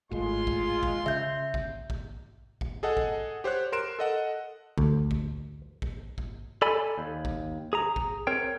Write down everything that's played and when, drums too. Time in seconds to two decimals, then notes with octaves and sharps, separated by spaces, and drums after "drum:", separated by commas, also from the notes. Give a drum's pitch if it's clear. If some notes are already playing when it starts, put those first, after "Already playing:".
0.11 G#1 A2 G#3 F4 C6
0.47 drum: kick
0.83 drum: kick
1.06 C#3 E5 G6
1.54 drum: kick
1.90 drum: kick
2.61 drum: kick
2.83 G#4 A4 D#5 F#5
2.97 drum: kick
3.44 G4 C5 C#5 F#6
3.72 A#4 C6 D7 E7
3.99 A4 D#5 F#5
4.78 D2, drum: kick
5.11 drum: kick
5.82 drum: kick
6.18 drum: kick
6.62 A4 D5 G#5 B5
6.98 D#2
7.25 drum: kick
7.73 G#4 A#5
7.96 drum: kick
8.27 C4 A#4 C#5 G5